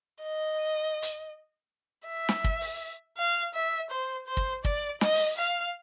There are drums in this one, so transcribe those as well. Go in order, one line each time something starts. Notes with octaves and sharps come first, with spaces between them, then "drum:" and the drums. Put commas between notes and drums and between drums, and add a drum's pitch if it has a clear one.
D#5
drum: hi-hat
E5
drum: snare
drum: kick
drum: open hi-hat
F5
E5
C5
C5
drum: kick
D5, drum: kick
D#5, drum: snare
drum: open hi-hat
F5